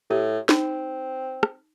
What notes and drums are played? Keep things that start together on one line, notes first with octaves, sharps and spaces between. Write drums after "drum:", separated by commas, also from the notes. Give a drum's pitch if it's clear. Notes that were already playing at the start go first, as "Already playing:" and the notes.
A2 G4
C4 D#4, drum: snare
drum: rim click